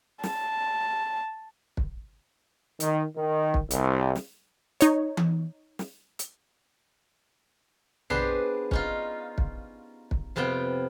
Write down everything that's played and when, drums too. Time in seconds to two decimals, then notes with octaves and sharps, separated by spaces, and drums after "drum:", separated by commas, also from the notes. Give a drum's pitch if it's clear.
0.24 A5, drum: snare
1.77 drum: kick
2.80 D#3, drum: hi-hat
3.17 D#3
3.54 drum: kick
3.71 C2, drum: hi-hat
4.16 drum: snare
4.81 D#4 C#5, drum: hi-hat
5.17 drum: tom E3
5.79 drum: snare
6.19 drum: hi-hat
8.10 B3 D4 G4 G#4 B4 C5, drum: tom A#1
8.71 C#4 D#4 F4, drum: kick
9.38 drum: kick
10.11 drum: kick
10.36 F2 C3 B3 F4 G5